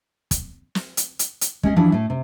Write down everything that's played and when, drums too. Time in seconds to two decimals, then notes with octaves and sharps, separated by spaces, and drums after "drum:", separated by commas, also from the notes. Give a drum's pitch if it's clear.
0.31 drum: kick, hi-hat
0.75 drum: snare
0.97 drum: hi-hat
1.19 drum: hi-hat
1.41 drum: hi-hat
1.63 G#3 C#4 G#4 D#5, drum: kick
1.76 E3 F3 D4 E4 G#4
1.92 A2 A3
2.10 C3